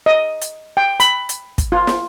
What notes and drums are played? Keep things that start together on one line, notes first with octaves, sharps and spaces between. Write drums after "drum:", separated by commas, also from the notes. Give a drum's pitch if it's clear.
D#5
drum: hi-hat
G5
B5, drum: hi-hat
drum: hi-hat
drum: kick, hi-hat
F4
drum: snare